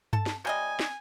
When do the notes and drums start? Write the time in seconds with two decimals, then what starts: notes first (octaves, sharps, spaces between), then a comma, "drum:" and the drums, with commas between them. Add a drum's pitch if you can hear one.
0.13 A4 A5, drum: tom G2
0.26 drum: snare
0.45 C3 G3 D#5 G#5
0.79 drum: snare